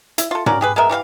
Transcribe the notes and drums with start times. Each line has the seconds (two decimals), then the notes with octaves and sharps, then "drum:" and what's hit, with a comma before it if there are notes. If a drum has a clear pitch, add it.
0.18 E4, drum: hi-hat
0.31 F4 A4
0.46 C#4 F#4 A#4 D5, drum: tom G#2
0.61 G4 G#4 B4
0.76 G#3 B3 A#4 E5
0.89 E3 G3 A4 F5